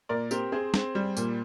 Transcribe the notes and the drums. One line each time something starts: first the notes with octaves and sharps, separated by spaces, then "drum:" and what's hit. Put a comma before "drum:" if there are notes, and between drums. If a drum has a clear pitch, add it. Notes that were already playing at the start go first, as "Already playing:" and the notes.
A#2 A#4 D5
C4 G4 A#4, drum: tambourine
C4 G#4 C5
C4, drum: snare
G3
A#2, drum: tambourine